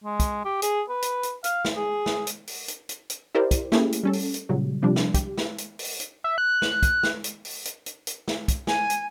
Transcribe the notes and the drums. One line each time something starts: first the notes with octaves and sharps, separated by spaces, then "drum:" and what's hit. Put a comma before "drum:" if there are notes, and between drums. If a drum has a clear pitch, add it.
G#3
drum: kick, hi-hat
G4
G#4, drum: hi-hat
B4
drum: hi-hat
drum: hi-hat
F5, drum: hi-hat
drum: snare
G#4
drum: snare
drum: hi-hat
drum: open hi-hat
drum: hi-hat
drum: hi-hat
drum: hi-hat
E4 G4 A#4 C5 D5
drum: kick, hi-hat
A3 A#3 C#4 E4 G4 G#4, drum: snare
drum: hi-hat
G3 C#4 A4
drum: open hi-hat
drum: hi-hat
A#2 C#3 F#3 G3
C3 F3 G3 D4
drum: snare
G4, drum: kick, hi-hat
drum: snare
drum: hi-hat
drum: open hi-hat
drum: hi-hat
E5
F#6
drum: snare
drum: kick, hi-hat
drum: snare
drum: hi-hat
drum: open hi-hat
drum: hi-hat
drum: hi-hat
drum: hi-hat
drum: snare
drum: kick, hi-hat
G#5, drum: snare
drum: hi-hat